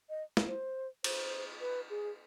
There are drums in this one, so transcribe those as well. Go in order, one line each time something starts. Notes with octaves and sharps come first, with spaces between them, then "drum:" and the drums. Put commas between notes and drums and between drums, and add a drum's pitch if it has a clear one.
D#5
drum: snare
C5
C5, drum: cymbal
B4
G#4